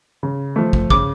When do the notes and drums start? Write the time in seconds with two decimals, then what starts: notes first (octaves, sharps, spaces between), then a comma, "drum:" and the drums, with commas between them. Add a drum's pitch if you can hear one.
0.23 C#3
0.56 F3 A3
0.73 drum: kick
0.90 C#3 D6, drum: kick